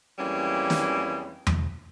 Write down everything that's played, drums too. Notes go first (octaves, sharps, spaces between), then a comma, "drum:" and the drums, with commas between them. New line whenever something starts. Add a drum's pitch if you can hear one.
F2 E3 G3 G#3 A#3 C#4
drum: snare
drum: tom E2